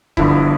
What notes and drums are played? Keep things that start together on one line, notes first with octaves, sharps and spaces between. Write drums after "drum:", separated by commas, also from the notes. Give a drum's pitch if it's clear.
G1 G2 D3 F3 E4, drum: kick D#1